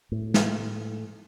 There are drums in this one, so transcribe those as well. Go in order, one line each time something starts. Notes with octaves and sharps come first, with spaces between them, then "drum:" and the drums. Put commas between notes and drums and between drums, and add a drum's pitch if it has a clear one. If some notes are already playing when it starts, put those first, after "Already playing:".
A2
drum: snare